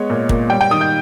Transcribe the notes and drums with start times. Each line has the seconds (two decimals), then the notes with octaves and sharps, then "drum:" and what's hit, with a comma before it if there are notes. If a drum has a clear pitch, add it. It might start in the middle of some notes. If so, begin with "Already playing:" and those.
Already playing: G#3 B3 C#5
0.10 A#2
0.29 A#2, drum: kick
0.50 G3 G5
0.61 G5
0.71 D#3 D#6
0.81 G6